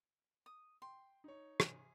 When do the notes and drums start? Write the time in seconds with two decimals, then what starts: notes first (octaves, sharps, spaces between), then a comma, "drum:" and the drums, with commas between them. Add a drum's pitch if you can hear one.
0.46 D#6
0.82 G5 C6
1.24 D#4 C#5
1.60 G#4, drum: rim click